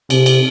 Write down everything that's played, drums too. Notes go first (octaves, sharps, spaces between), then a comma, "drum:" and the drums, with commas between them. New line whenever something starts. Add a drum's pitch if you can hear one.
C3, drum: cymbal
drum: cymbal